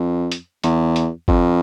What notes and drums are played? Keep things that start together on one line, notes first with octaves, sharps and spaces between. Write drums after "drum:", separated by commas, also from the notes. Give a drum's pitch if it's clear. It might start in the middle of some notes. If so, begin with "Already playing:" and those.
Already playing: F2
drum: hi-hat
E2, drum: hi-hat
drum: hi-hat
F2, drum: kick G1